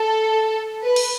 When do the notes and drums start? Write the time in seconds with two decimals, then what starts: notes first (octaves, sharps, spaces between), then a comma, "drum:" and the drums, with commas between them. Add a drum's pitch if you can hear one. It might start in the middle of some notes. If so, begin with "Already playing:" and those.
Already playing: A4
0.83 B4
0.96 drum: cymbal